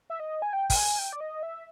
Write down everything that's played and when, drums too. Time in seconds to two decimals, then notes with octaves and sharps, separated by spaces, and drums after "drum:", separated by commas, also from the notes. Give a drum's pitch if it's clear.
0.10 E5
0.20 D#5
0.42 G#5
0.53 G5
0.70 G5, drum: kick, open hi-hat
0.76 G#5
0.99 G5
1.13 D5
1.21 D#5
1.43 E5